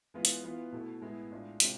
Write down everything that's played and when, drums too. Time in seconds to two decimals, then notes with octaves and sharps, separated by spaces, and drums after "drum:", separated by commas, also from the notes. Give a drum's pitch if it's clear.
0.14 E3 G#3 B3 F4
0.25 drum: hi-hat
0.44 E3 B3 F4
0.72 B2 A3 E4
1.01 A2 G#3 B3 E4
1.31 A2 G#3 D4 F4
1.60 C3 G#3 D4 F4, drum: hi-hat